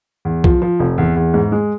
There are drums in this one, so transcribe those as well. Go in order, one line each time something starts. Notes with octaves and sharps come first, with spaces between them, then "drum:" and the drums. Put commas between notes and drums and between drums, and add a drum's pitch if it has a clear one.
E2
F3, drum: kick
F3
F1
E2
E2
G#2
G#3